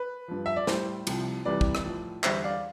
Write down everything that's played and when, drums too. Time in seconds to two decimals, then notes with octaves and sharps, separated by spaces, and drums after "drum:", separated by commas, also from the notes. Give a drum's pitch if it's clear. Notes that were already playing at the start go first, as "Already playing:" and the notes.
Already playing: B4
0.28 G2 F3
0.46 E5
0.56 D5
0.67 A2 G3 C5, drum: snare
1.07 C2 C3 F3, drum: cymbal
1.45 C2 C3 E3 G3 B4 D5
1.61 drum: kick
1.75 drum: rim click
1.84 A2 F3
2.24 E2 D3 G3 C5 E5, drum: clap
2.44 D5 F5